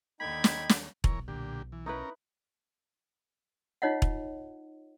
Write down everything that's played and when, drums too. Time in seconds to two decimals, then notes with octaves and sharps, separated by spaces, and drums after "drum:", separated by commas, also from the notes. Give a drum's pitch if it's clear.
0.20 D#2 D3 D#4 G5 B5 G#6
0.44 drum: snare
0.69 drum: snare
1.04 B1 E3 A#4 C#5, drum: kick E1
1.28 A#2 D3 G4
1.72 E3
1.86 C#4 D#4 E4 A#4 B4
3.82 D#4 F4 C#5 D#5 F5 F#5
4.02 drum: kick E1